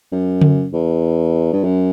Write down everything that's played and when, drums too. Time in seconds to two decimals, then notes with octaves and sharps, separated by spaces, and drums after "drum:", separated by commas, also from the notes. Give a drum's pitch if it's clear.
0.12 F#2
0.41 drum: tom C#3
0.73 E2
1.53 G2
1.64 F#2